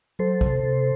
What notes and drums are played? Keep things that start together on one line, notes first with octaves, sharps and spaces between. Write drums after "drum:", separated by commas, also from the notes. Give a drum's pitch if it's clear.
F#3 A4 C5
C3, drum: kick
C3